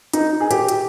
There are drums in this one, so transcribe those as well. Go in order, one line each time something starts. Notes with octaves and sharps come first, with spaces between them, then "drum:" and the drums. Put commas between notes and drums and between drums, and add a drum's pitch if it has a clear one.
D#4, drum: hi-hat
G#4
G4, drum: hi-hat
drum: hi-hat